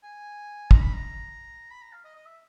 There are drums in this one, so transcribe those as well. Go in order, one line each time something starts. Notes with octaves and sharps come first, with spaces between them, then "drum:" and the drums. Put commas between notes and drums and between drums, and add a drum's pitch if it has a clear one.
G#5
A#5, drum: kick
B5
A#5
B5
A#5
F5
D#5
D#5
E5